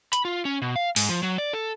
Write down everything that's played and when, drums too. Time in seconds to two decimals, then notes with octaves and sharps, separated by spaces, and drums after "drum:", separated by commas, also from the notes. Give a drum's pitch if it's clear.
0.13 B5, drum: hi-hat
0.25 F4
0.45 C#4
0.62 B2
0.76 F5
0.96 G#2, drum: open hi-hat
1.09 F3
1.23 F#3
1.38 D5
1.53 A4